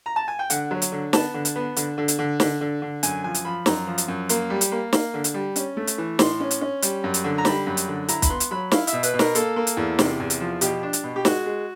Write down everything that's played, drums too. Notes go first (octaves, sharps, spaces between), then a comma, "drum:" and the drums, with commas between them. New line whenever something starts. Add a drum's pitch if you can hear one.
A#5
A5
G#5
G5
D3 F#5, drum: hi-hat
F#3
drum: hi-hat
D3
B3 A5, drum: snare
D3
drum: hi-hat
B3
D3, drum: hi-hat
D3
drum: hi-hat
D3
D3, drum: snare
D3
D3
F#2 G#5, drum: hi-hat
F3 G#5
drum: hi-hat
F3 B5
F#2 A#5, drum: snare
F3
drum: hi-hat
F#2
A#3, drum: hi-hat
G3
drum: hi-hat
A#3
A#3, drum: snare
D3
drum: hi-hat
G3
C#4, drum: hi-hat
A3
drum: hi-hat
E3
A2 C6, drum: snare
C#4
drum: hi-hat
C#4
G3, drum: hi-hat
F#2
drum: hi-hat
D3
A#5
G3 B5, drum: snare
F#2
drum: hi-hat
D3
E4 A#5, drum: hi-hat
B5, drum: kick, hi-hat
B3 C6
drum: hi-hat
F#3 B5
E4 F5, drum: snare
E5, drum: hi-hat
B2
B4, drum: hi-hat
B2
A#4, drum: snare
A#3 A4, drum: hi-hat
A#3
drum: hi-hat
E2
C3, drum: snare
E2
drum: hi-hat
F3
B2 G4, drum: hi-hat
D4
drum: hi-hat
B2
G4
G#3 F#4, drum: snare
G#3